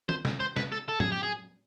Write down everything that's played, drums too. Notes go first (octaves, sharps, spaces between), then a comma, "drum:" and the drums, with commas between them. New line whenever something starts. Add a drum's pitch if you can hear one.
C5, drum: tom D#3
drum: snare
C5
B4, drum: snare
A4
A4
G#4, drum: tom
G4
G#4